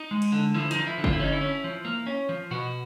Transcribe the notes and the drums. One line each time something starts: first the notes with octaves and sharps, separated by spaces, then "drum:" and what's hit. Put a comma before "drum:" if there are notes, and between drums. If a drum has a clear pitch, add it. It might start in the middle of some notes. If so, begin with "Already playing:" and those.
Already playing: D#4
G#3
drum: cymbal
D3
F3 E4
F3 D#4, drum: hi-hat
E4
D3
F4, drum: kick
E4
C#4 D#4
E4
C#4
F3
A#3
C#4
F3
B2 F#4